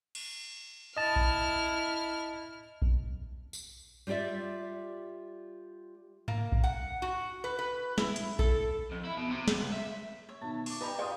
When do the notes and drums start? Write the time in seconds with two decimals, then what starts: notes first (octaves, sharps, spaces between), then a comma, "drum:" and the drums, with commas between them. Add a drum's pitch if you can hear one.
0.15 drum: cymbal
0.97 E4 D#5 A5 F6
1.16 drum: kick A#1
2.82 drum: kick A#1
3.53 drum: tambourine
4.07 G3 F4 G4 D5 E5
6.28 A#3, drum: tom G#2
6.52 drum: kick A#1
6.64 F#5
7.02 F#4
7.44 B4
7.59 B4
7.98 E4, drum: snare
8.16 drum: hi-hat
8.39 A4, drum: kick A#1
8.91 F2
9.05 E4
9.17 B2
9.31 C3
9.48 C#2, drum: snare
9.72 E5
10.29 C#5 E5
10.41 B2 D#3 A5
10.66 C#6 D6, drum: open hi-hat
10.81 G3 D#4 G4 B4 G#5 A#5
10.99 F4 C#5 D5 F5 G5 C6 D#6